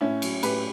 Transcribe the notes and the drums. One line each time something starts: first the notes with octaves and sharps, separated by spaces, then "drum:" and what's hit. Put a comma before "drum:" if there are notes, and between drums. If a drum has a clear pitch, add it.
A2 C#4 E4
F#3, drum: cymbal
A2 G4 B4, drum: cymbal